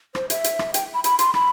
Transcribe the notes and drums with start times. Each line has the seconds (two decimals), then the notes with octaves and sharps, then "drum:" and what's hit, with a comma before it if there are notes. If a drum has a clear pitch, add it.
0.15 C5, drum: rim click
0.30 E5, drum: hi-hat
0.44 drum: hi-hat
0.59 drum: rim click
0.74 G5, drum: hi-hat
0.94 B5
1.04 B5, drum: hi-hat
1.19 C6, drum: hi-hat
1.34 B5, drum: rim click